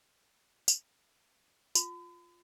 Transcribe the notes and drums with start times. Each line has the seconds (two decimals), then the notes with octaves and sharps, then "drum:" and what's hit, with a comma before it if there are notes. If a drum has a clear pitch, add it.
0.68 drum: tambourine
1.75 F4, drum: tambourine